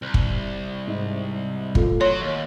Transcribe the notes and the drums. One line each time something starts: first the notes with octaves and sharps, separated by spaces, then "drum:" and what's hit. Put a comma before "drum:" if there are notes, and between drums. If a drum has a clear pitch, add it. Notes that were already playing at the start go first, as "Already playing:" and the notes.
C2
drum: kick
G#2
A3 F4, drum: kick
F#3 F#4 C#5 C6
D#2